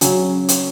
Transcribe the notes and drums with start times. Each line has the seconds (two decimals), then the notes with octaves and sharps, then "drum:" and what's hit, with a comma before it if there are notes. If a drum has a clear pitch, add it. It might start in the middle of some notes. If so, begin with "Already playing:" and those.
0.01 C#3 F#3 C#4, drum: hi-hat
0.49 drum: hi-hat